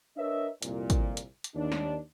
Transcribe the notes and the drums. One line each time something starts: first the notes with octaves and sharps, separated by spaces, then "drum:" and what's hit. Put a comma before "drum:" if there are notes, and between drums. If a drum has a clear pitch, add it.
D4 A#4 B4 C#5 D#5 E5
C2 F2 A#2, drum: hi-hat
drum: kick, hi-hat
drum: hi-hat
drum: hi-hat
D#2 D4
drum: snare